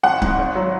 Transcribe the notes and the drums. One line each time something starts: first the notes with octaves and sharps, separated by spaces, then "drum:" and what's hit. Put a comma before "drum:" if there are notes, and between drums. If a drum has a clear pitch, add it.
G#1 F#5
G#2 G#3, drum: kick C#1
G#1
F#3